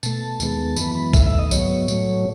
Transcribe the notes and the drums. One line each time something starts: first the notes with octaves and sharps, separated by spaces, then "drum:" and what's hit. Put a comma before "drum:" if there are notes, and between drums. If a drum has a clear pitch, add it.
B2 A3 A5, drum: tambourine
D#2 D#3 G#3 B3, drum: tambourine
F#2 E3 B3 B5, drum: tambourine
B5
D#2 D#3 A3 E5, drum: kick, tambourine
E5
D#5
G#2 F#3 B3 C#5, drum: tambourine
A2 F#3 A3, drum: tambourine